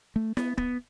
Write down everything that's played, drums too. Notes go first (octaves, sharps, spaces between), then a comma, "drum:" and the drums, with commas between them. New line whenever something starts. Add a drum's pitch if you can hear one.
A3
B3, drum: snare E4
B3, drum: kick